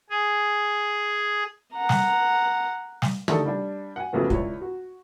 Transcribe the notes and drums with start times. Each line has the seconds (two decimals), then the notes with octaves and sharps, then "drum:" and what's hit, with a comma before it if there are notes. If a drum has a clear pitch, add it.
0.10 G#4
1.75 F#5 A#5
1.89 drum: snare
3.02 drum: snare
3.28 A3 D4 D#4 G4 A4 D5, drum: tom
3.45 G3 D4
3.96 F#5 G#5
4.13 B1 F2 C#3 A3 B3
4.30 C#2 E4 C#5 D5, drum: kick
4.61 F#4